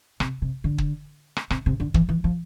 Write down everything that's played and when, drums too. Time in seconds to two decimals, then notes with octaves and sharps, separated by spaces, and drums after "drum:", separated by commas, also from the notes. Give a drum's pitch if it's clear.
0.20 C3, drum: rim click
0.42 C3
0.64 D3
0.78 drum: kick
1.37 drum: rim click
1.50 C3, drum: rim click
1.66 C3
1.80 D3
1.94 E3, drum: kick
2.09 E3
2.24 F3